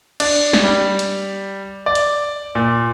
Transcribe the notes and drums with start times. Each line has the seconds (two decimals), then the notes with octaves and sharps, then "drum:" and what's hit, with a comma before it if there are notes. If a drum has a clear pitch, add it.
0.20 D4, drum: cymbal
0.53 drum: snare
0.64 G3
0.99 drum: hi-hat
1.86 D5
1.95 drum: hi-hat
2.55 A#2